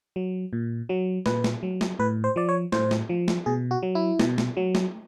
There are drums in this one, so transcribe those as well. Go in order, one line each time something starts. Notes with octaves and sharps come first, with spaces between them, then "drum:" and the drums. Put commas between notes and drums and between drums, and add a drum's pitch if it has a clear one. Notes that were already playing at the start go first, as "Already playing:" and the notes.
F#3
A#2
F#3
A#2 B4, drum: snare
drum: snare
F#3
drum: snare
A2 B4
C5
F3 D5
C#5
A2 C5, drum: snare
drum: snare
F3
drum: snare
B2 G#4
F#4
F#3
E4
B2, drum: snare
drum: snare
F#3
drum: snare